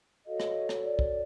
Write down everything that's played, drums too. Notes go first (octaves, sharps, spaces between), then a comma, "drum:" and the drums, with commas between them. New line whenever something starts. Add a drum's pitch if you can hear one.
F#4 A4 C#5 D#5 F5
drum: rim click
drum: rim click
D5
drum: kick